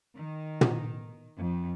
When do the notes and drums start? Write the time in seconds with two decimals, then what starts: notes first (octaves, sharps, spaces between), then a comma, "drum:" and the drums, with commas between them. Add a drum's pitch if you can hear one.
0.17 D#3
0.61 drum: tom
1.37 F2